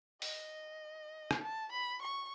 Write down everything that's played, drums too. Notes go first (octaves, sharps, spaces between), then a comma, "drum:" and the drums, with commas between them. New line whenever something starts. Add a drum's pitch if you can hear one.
D#5, drum: open hi-hat
drum: rim click
A5
B5
C#6